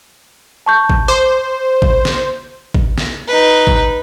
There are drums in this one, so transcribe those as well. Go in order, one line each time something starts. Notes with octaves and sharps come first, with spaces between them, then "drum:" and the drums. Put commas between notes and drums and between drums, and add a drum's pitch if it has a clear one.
A5 C#6 G6
drum: kick A1
C5 D6
drum: kick A1
drum: snare
drum: kick A1
drum: snare
D#4 B4
drum: kick A1